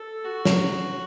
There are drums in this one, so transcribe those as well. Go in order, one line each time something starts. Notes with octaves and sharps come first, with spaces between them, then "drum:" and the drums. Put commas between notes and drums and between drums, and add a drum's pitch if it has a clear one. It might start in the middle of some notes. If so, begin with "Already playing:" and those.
Already playing: A4
F#4
drum: snare